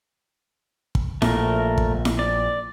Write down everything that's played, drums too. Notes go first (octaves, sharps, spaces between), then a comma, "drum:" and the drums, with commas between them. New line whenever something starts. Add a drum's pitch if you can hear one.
drum: kick
A#1 A#2 A3 A#4, drum: snare E4
drum: kick
drum: snare E4
D5